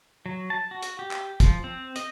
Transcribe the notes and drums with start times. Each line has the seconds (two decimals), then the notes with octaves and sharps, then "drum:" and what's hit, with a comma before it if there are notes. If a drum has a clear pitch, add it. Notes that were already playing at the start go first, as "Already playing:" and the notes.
0.26 F#3
0.50 A5
0.71 F#4
0.83 drum: hi-hat
0.99 G4
1.11 drum: clap
1.40 F3, drum: kick, hi-hat
1.64 C4
1.96 D#5, drum: hi-hat